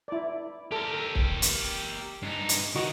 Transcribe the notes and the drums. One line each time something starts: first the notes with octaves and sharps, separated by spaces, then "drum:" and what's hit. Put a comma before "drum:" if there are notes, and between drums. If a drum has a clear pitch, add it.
E4 D5
G4 A4 A#4
drum: kick C#1
drum: hi-hat
G2 D#4
drum: hi-hat
D#3 F#4 D#5 C#6